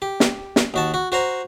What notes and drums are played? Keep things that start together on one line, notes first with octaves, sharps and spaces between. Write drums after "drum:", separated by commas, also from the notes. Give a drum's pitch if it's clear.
G4
drum: snare
drum: snare
D#2 F#4 A5
F#4
F#4 C5 A#5